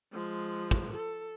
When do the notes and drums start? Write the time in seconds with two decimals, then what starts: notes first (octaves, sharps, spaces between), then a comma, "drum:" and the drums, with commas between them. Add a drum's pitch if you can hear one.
0.12 F3 G#3
0.71 drum: kick
0.94 A4